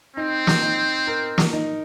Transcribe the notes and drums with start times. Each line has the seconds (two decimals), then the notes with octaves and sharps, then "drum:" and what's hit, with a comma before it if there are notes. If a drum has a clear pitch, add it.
0.16 C4 D#4
0.47 drum: snare
0.62 D#4
1.07 A#4
1.38 drum: snare
1.53 D#4